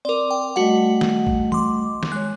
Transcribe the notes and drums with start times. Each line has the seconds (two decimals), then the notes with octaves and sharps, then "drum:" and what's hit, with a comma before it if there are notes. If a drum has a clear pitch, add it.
0.05 C4 A#4 D5 D6
0.31 G5
0.56 G3 A3 F#4 D#5 F#5
1.01 drum: snare
1.27 drum: kick
1.52 C6 D6, drum: tom E3
2.03 drum: snare
2.12 G#3 C#5 F#6